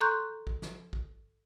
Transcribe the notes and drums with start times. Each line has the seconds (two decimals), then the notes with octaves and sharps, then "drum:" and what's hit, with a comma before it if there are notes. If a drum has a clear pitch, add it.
0.01 A4 A#5 C6 C#6 F#6 G6
0.47 drum: kick
0.62 drum: snare
0.93 drum: kick